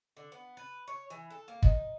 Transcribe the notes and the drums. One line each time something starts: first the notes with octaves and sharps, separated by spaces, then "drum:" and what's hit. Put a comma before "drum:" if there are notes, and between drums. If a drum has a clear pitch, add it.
D3
B3
B4
C#5
E3
A4
A#3
D#4, drum: kick